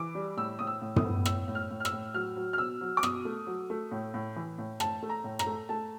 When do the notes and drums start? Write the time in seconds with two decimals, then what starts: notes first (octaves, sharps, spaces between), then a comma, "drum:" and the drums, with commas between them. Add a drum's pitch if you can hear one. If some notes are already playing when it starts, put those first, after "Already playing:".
Already playing: E3 D6
0.15 G3
0.37 A2 E6
0.59 A2 D#6
0.67 E6
0.82 A2
0.96 D#6, drum: tom
1.04 B3
1.26 A2 E6, drum: rim click
1.48 A2
1.55 F6
1.71 A2
1.80 F6
1.85 E6, drum: rim click
1.92 A2
2.14 F#3 F6
2.36 F#3
2.53 F6
2.58 B2 E6
2.81 F#3
2.97 D6
3.03 B2 D#6, drum: rim click
3.25 A3
3.47 F#3
3.70 A3
3.91 A2
4.14 A2
4.36 E3
4.58 A2
4.80 A2 A5, drum: rim click
5.03 A3
5.09 A#5
5.24 A2
5.39 A#5, drum: rim click
5.47 A3
5.69 A3 A5